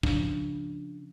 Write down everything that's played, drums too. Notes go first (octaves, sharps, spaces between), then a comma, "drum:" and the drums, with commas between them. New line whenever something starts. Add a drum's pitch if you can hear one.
C#3 F3 D4, drum: kick